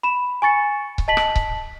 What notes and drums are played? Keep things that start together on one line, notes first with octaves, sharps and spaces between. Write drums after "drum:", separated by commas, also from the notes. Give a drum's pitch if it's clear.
B5 E7
G#5 C#6 A6 C#7
drum: kick C#1
D#5 A5 B6 F#7
drum: rim click
drum: kick C#1